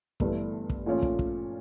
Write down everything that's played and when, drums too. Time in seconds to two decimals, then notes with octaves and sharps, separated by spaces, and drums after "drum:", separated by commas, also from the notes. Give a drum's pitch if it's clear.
0.20 G1 G2 E3 A3, drum: kick
0.70 drum: kick
0.86 A#2 F3 A3 C#4 F4
1.02 drum: kick
1.19 drum: kick